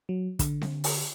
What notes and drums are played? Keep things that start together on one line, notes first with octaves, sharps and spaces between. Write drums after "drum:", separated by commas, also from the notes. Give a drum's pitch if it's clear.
F#3
D3, drum: kick, hi-hat
drum: snare C4
drum: open hi-hat